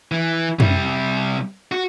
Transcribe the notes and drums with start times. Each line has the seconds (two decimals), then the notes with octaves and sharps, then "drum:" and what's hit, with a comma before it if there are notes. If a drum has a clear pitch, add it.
0.11 E3
0.60 C3 G3, drum: tom
1.72 F#4